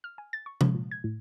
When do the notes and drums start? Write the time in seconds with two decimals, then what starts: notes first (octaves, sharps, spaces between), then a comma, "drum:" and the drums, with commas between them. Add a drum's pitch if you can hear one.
0.04 F6
0.18 G#5
0.33 A6
0.46 C#6
0.61 F3, drum: tom C3
0.75 A#2
0.91 G#6
1.04 A2